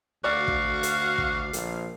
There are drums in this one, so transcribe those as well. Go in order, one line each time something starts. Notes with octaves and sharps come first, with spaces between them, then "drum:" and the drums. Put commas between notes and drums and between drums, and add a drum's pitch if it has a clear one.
D2 F#4 D5 F5
drum: kick
drum: hi-hat
drum: kick
A#1, drum: hi-hat